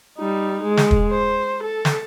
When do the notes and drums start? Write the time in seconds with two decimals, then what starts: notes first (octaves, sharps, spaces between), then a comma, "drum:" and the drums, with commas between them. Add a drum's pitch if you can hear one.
0.18 G3 D#4
0.64 G#3
0.77 drum: snare
0.91 drum: kick
1.11 C5
1.63 A4
1.85 drum: snare